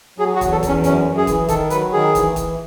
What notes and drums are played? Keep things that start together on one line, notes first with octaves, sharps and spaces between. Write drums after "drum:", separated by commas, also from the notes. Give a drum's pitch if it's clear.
F#3 G#4
F#4
E2, drum: kick, hi-hat
A4
E2, drum: kick, hi-hat
C#4
F#2 C#4, drum: hi-hat
F#2
G#4
E3, drum: kick, hi-hat
D#3 A4, drum: kick, hi-hat
F#3 B4, drum: hi-hat
D#3 G#4
E3, drum: kick, hi-hat
E3, drum: kick, hi-hat